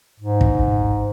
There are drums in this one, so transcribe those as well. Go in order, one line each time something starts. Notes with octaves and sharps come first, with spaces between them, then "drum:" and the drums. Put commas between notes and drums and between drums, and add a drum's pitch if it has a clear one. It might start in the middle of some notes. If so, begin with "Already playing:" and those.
G#2
drum: kick